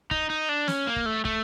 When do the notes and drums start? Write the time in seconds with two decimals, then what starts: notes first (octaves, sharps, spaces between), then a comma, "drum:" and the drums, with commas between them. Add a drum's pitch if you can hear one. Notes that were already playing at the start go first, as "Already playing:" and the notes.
0.11 D#4, drum: kick
0.30 D#4
0.49 D4
0.68 C#4, drum: snare
0.87 A#3
0.96 drum: kick
1.06 A3
1.25 A3, drum: kick